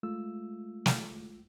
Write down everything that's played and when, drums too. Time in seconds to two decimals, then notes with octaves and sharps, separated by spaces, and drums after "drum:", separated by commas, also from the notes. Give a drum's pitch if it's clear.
0.03 G#3 A3 F4 E6
0.86 drum: snare